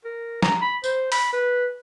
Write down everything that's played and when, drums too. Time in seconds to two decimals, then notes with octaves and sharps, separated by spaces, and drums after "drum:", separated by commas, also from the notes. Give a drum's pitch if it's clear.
0.05 A#4
0.43 A#5, drum: snare
0.62 B5
0.84 C5, drum: tambourine
1.12 B5, drum: open hi-hat
1.33 B4